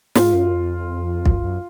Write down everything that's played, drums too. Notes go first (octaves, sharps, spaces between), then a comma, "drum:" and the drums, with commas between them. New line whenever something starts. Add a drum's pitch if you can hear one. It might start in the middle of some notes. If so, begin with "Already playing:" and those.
G#2 F4, drum: snare
F#2
F2
F#2, drum: kick
F#2